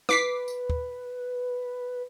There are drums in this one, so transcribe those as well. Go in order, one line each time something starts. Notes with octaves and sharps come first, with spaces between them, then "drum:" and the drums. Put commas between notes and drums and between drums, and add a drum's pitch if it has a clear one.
B4 D6 B6 C7, drum: snare
drum: tambourine
drum: kick